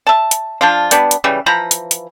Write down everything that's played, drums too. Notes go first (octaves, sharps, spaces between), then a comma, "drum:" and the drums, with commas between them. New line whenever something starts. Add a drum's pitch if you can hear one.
E5 A5
drum: hi-hat
F3 D4 F4
G3 B3 D4, drum: hi-hat
drum: hi-hat
C#3 E3 G3
E3 F3 A#5 B5
drum: hi-hat
drum: hi-hat